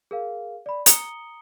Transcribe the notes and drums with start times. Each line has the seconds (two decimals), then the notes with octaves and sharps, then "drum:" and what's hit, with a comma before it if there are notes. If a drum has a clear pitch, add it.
0.11 G#4 A#4 F5
0.66 D5 B5
0.86 A#5 D#6 C#7 G7, drum: hi-hat